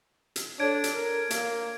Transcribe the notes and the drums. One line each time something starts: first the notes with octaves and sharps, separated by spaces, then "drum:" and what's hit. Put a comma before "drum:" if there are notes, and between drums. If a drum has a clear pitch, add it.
drum: hi-hat
D4 A4 C#5 G#6 D7
drum: hi-hat
A#4
A#3, drum: hi-hat